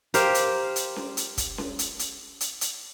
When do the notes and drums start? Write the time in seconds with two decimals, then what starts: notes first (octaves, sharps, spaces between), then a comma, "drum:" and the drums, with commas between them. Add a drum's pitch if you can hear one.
0.14 G4 A#4 C5 F5, drum: hi-hat
0.35 drum: hi-hat
0.76 drum: hi-hat
0.96 drum: snare C#4
1.17 drum: hi-hat
1.38 drum: kick, hi-hat
1.58 drum: snare C#4
1.79 drum: hi-hat
1.99 drum: hi-hat
2.41 drum: hi-hat
2.61 drum: hi-hat